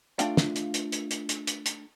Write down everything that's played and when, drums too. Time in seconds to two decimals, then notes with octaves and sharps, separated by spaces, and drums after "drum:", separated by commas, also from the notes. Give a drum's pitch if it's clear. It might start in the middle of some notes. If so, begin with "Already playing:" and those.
0.19 A3 D4 F4 F5 G5, drum: hi-hat
0.37 drum: snare
0.56 drum: hi-hat
0.74 drum: hi-hat
0.92 drum: hi-hat
1.11 drum: hi-hat
1.29 drum: hi-hat
1.47 drum: hi-hat
1.66 drum: hi-hat